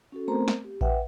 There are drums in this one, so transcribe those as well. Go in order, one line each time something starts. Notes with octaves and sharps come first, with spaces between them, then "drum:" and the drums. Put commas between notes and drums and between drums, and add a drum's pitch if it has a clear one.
C#4 F#4 A4
A3 B3 C4 A#4 C5 A#5
drum: snare
G4
B4 E5 F#5 G5, drum: kick A1